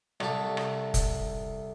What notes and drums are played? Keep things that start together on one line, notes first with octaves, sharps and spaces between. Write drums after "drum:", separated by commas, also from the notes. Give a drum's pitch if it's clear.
C2 A4, drum: rim click
drum: rim click
drum: kick F1, hi-hat